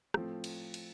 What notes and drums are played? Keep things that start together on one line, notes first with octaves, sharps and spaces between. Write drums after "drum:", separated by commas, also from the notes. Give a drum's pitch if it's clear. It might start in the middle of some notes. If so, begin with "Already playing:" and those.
A2 F3 A3 C4 F4, drum: rim click
drum: cymbal
drum: cymbal